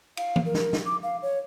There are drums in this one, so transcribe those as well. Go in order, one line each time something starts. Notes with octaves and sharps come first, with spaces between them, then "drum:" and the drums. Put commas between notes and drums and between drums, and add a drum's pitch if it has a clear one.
F5, drum: cymbal
drum: tom E3
A#4
drum: snare
drum: snare
D6
F5
C#5